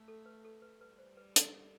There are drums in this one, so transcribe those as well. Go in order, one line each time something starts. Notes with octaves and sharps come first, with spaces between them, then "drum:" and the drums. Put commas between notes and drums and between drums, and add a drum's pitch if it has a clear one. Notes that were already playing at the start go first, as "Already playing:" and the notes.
Already playing: A3
A4
B4
A4
B4
G3 B4
C5
B4
A4, drum: hi-hat